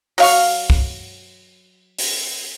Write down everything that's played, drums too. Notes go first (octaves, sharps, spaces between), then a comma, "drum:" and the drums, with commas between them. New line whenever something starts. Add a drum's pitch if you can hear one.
F#3 F5 C#6, drum: open hi-hat
drum: kick
drum: open hi-hat